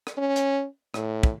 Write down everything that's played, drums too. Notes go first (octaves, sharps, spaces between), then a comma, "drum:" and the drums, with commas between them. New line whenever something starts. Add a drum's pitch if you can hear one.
drum: rim click
C#4
drum: hi-hat
A2, drum: rim click
drum: kick